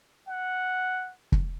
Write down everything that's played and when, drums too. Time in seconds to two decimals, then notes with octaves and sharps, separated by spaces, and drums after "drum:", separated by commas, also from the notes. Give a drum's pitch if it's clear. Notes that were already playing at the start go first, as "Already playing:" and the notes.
0.28 F#5
1.32 drum: kick